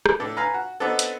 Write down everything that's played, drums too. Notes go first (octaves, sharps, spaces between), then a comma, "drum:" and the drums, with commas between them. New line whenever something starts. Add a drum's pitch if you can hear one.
drum: rim click
A2 D4 A4
B4 F5 G#5 A#5
F#4
B3 C4 D4 D#4 F#4 A4
drum: hi-hat